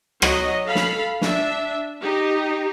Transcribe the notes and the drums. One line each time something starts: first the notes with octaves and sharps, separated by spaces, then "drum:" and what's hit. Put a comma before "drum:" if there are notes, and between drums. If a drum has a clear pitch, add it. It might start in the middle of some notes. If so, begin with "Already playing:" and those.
F#3 F#4 D#5, drum: rim click
A4 F5 B5
drum: snare
D4 E5, drum: snare
D#4 G4